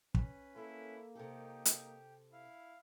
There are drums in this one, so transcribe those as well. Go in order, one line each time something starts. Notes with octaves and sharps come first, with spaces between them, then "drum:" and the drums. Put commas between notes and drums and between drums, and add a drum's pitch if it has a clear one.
C#4 B4, drum: kick
A#3 E4 A4
C3 D#4 G4 A4
drum: hi-hat
E4 F5